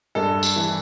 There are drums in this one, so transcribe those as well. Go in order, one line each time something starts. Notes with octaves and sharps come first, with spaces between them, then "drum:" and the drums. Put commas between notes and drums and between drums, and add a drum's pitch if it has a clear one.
G2 A4
drum: tambourine
E3